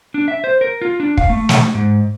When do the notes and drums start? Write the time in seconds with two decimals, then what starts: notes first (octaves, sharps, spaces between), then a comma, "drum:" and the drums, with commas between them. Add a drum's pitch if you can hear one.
0.14 D4
0.28 E5
0.44 C5
0.61 A#4
0.82 F4
1.00 D4
1.17 F5, drum: kick
1.29 A3
1.49 drum: snare
1.74 G#2